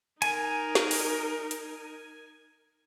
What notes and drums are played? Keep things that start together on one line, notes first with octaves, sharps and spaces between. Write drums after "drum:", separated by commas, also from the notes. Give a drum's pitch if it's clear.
D#4 A#4 G#5, drum: cymbal
drum: snare
drum: open hi-hat
drum: hi-hat